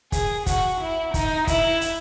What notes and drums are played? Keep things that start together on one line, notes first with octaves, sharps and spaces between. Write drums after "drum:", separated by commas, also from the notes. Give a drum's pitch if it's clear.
G#4, drum: kick, hi-hat
F#4, drum: kick, hi-hat
E4
D#4, drum: kick, hi-hat
E4, drum: kick, hi-hat
drum: hi-hat